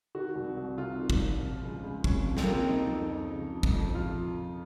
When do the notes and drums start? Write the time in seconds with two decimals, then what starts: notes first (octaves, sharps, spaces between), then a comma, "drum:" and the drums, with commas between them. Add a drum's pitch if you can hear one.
0.15 D#3 F#4
0.35 C2
0.57 C2
0.78 C3 F4
0.99 D#3
1.10 drum: kick
1.21 C2
1.41 F3
1.63 C#2
1.83 C#2
2.04 C3 C#4, drum: kick
2.26 F3
2.37 C4, drum: snare
2.44 A#3
2.47 C#2 C4
2.68 F3 D#4
2.89 F2
3.11 F2
3.31 C#3
3.52 F3
3.63 drum: kick
3.74 F2
3.95 F3 F4